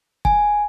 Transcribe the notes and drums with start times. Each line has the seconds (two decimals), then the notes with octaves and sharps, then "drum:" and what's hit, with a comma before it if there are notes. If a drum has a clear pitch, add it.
0.25 G#5, drum: kick